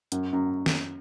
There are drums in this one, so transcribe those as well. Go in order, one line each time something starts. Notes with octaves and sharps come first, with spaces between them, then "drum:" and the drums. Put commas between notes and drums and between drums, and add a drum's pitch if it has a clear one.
F#2, drum: hi-hat
F#2
drum: snare